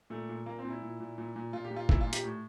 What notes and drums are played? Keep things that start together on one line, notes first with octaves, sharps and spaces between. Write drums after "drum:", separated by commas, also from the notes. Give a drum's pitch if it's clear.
A#2 A3
A#2
A#2 A#3
C4
A#2
E4
A#2
A#2
A#2
A#2
A#2 F4
G4
A#2
F4
A#2 E4, drum: kick G1
F4
A#2
G4, drum: hi-hat
A2